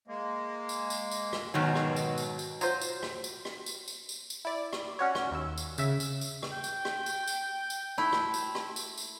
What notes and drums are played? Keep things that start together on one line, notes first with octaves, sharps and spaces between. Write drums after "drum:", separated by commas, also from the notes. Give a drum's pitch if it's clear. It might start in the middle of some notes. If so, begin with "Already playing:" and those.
G#3 A#3
drum: tambourine
drum: tambourine
drum: tambourine
drum: rim click
G#2 B2 D#3 F#3
drum: rim click
drum: tambourine
drum: tambourine
drum: tambourine
F#3 F4 C5, drum: tambourine
drum: tambourine
drum: rim click
drum: tambourine
drum: rim click
drum: tambourine
drum: tambourine
drum: tambourine
drum: tambourine
E4 D5
drum: rim click
C#4 F#4 C#5
drum: rim click
D#2 E6
drum: tambourine
C#3 E5, drum: tambourine
drum: tambourine
drum: tambourine
drum: rim click
G5
drum: tambourine
drum: rim click
drum: tambourine
drum: tambourine
drum: tambourine
A3 E4
drum: rim click
drum: tambourine
drum: rim click
drum: tambourine
drum: tambourine